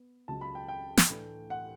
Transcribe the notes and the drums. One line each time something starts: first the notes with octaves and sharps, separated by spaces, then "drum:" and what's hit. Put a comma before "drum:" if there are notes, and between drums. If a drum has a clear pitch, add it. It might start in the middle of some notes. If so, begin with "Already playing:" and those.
Already playing: B3
C#2 C#3 F#3 A5
B5
G5
G5
drum: snare
A2 E3 A3 D4
F#5